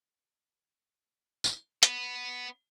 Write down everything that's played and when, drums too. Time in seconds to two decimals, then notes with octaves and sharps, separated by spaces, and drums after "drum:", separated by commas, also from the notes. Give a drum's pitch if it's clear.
1.44 drum: tambourine
1.83 B3, drum: hi-hat